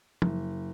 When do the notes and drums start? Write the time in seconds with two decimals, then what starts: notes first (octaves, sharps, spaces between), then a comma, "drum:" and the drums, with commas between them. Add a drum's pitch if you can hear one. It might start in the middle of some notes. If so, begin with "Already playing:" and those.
0.22 F#1, drum: tom